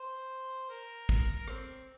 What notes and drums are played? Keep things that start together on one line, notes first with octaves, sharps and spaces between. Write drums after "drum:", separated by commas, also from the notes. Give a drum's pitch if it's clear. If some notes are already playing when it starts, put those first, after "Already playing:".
Already playing: C5
A#4
drum: kick
C4, drum: rim click